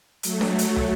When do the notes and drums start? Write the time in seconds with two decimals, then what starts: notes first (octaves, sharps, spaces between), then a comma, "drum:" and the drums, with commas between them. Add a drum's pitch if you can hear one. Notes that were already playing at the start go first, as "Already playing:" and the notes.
0.23 F#3 A3, drum: hi-hat
0.41 drum: snare D4
0.59 drum: hi-hat
0.76 drum: tom